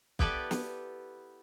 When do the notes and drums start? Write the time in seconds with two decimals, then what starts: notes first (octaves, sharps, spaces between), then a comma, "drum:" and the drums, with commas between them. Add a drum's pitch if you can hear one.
0.19 B3 E4 G4 A4 B4 D5, drum: kick
0.51 drum: snare